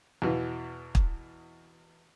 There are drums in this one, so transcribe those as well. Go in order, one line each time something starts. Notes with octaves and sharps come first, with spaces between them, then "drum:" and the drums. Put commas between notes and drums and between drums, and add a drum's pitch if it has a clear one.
E2 B2 E3
drum: kick